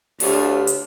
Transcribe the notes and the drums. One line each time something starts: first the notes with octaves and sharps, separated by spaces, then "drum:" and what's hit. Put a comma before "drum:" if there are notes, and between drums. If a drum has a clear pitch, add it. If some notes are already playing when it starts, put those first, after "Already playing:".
D2 D4 F4 G4 C#5, drum: open hi-hat
drum: hi-hat